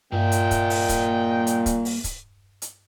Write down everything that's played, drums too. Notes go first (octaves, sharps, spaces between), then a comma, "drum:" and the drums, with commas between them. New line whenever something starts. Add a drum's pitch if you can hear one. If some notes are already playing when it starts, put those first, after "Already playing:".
G2 A#2 A#3 D#5 E5 G5
drum: hi-hat
drum: kick, hi-hat
drum: open hi-hat
drum: kick, hi-hat
drum: hi-hat
drum: kick, hi-hat
drum: open hi-hat
drum: kick, hi-hat
drum: hi-hat